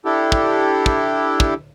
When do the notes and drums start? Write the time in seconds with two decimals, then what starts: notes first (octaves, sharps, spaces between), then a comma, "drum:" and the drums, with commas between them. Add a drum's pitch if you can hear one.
0.05 D4 E4 G4 A4
0.32 drum: kick
0.86 drum: kick
1.40 drum: kick